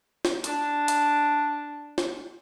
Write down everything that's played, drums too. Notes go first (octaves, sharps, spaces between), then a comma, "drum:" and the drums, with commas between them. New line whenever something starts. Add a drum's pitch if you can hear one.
drum: snare
D4, drum: hi-hat
drum: hi-hat
drum: snare